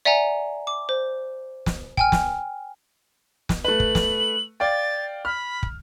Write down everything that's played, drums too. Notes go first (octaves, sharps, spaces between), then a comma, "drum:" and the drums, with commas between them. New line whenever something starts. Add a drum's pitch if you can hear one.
D5 E5 F#5 G#5 A#5
D6
C5
drum: snare
G5 G#5 F6, drum: kick
drum: snare
drum: snare
A3 B4 F#7
drum: kick
drum: snare
D5 F5 G5 A6
B5 F6
drum: kick